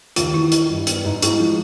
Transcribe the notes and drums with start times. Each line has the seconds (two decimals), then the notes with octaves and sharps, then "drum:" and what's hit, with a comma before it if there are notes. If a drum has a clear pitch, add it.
0.16 D#2 F4, drum: hi-hat
0.33 E3 E4
0.52 D#3, drum: hi-hat
0.70 G2
0.87 B3, drum: hi-hat
1.05 G#2
1.22 G#3 E4, drum: hi-hat
1.40 F3